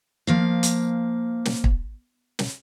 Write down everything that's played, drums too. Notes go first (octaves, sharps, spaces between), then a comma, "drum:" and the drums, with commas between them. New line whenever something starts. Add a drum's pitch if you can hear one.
F3 A#3 F5
drum: hi-hat
drum: snare
drum: kick
drum: snare